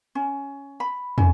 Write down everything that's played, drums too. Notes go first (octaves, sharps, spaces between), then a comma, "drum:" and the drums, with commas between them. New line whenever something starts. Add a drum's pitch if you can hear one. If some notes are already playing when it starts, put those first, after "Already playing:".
C#4
B5
C#4, drum: tom